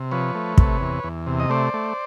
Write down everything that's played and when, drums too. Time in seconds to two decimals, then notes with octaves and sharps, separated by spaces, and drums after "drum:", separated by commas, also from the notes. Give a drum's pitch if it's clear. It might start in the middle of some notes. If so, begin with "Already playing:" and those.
Already playing: C3
0.11 F3 B4 C#5
0.35 A3
0.58 C3, drum: kick
0.81 E2
1.04 E2
1.27 C3
1.40 D#5
1.50 A3 C5 D5
1.74 A3